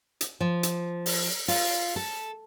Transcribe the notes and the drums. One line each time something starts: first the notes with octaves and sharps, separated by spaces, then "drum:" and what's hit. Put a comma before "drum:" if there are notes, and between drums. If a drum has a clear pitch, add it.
drum: hi-hat
F3
drum: hi-hat
drum: open hi-hat
F4, drum: open hi-hat
A4